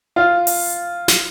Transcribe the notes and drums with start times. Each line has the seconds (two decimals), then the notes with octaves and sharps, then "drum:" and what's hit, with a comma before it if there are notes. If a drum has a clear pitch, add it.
0.16 F4
0.47 drum: open hi-hat
1.08 drum: snare